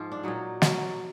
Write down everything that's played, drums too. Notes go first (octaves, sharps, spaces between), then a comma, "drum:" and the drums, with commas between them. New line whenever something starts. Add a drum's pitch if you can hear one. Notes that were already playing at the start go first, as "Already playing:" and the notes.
Already playing: G#2 F3 F4
D4
A#2 F#3 D#4
B2 F#3, drum: snare